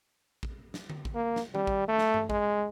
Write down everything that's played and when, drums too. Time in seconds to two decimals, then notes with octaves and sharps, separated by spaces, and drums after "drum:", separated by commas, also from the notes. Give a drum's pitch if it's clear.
0.43 drum: kick
0.74 drum: snare
0.90 drum: tom D3
1.05 drum: kick
1.15 A#3
1.36 drum: snare
1.55 G3, drum: tom D#3
1.67 drum: kick
1.89 A3
1.99 drum: snare
2.14 drum: tom G2
2.30 G#3, drum: kick